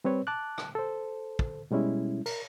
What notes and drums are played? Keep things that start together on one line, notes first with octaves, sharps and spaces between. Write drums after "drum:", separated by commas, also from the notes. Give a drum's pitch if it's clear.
G3 C4 B4 C#5
A5 D6 F#6
drum: rim click
A4 C5
drum: kick
B2 G3 G#3 C#4 E4
A#4, drum: cymbal